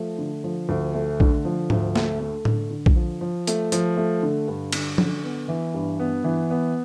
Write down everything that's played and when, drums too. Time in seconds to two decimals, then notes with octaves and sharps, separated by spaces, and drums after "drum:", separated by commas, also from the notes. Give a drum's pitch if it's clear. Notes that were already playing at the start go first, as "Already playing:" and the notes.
Already playing: F3 A3
0.18 D3
0.44 F3
0.69 D2
0.94 A3
1.20 D3, drum: kick A#1
1.45 F3
1.70 D2, drum: tom G#2
1.95 A3, drum: snare A#3
2.20 A3
2.45 D3, drum: tom A2
2.71 D3
2.86 drum: kick A#1
2.96 F3
3.21 F3
3.47 A3, drum: hi-hat
3.72 F3, drum: hi-hat
3.97 A3
4.23 D3
4.48 G2
4.72 D3, drum: cymbal
4.98 D3, drum: tom F3
5.24 B3
5.48 E3
5.74 G2
5.99 B3
6.24 E3
6.50 B3